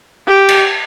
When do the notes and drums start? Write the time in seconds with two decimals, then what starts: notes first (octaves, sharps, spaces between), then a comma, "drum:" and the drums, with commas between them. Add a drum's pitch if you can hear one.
0.28 G4
0.49 drum: cymbal